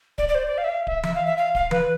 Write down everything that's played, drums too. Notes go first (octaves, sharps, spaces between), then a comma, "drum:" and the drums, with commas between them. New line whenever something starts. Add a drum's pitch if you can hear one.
D5, drum: kick D1
D5
C5
D5
F5
E5
F5
E5, drum: kick D1
E5, drum: tom E3
F5
E5
F5
F5, drum: kick D1
B4, drum: tom E3